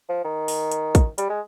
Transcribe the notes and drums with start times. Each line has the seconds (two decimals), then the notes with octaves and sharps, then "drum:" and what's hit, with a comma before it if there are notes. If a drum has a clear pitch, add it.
0.09 F3
0.25 D#3
0.48 drum: open hi-hat
0.71 drum: hi-hat
0.95 drum: kick, hi-hat
1.18 G3, drum: hi-hat
1.30 G#3